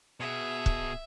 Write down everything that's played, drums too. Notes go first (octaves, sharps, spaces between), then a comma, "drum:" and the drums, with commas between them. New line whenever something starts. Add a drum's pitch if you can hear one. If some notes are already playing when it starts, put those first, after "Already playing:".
B2 G#4 E5
drum: kick